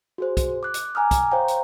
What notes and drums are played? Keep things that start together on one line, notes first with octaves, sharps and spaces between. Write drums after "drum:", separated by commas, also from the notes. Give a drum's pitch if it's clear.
F#4 G#4 C5
drum: kick, hi-hat
D6 F#6
drum: hi-hat
G#5 A#5 D6 D#6 F6
drum: kick, hi-hat
C5 C#5 F5 G5 A#5
drum: hi-hat